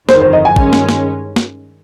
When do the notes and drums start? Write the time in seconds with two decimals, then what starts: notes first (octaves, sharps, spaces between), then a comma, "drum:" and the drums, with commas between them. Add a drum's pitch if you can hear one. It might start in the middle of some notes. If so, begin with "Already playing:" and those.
0.09 G1 F2 D#3 C5, drum: snare
0.21 C5
0.33 D#5
0.45 G#5
0.56 G2 D#3 G#3 C#4, drum: kick
0.73 drum: snare
0.89 drum: snare
1.36 drum: snare